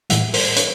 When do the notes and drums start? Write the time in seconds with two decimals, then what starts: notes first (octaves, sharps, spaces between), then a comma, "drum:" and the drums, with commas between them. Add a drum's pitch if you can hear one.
0.10 A2 E3 G3 E5 F#5, drum: hi-hat
0.34 A#4 C5, drum: open hi-hat
0.56 B4 C#5, drum: hi-hat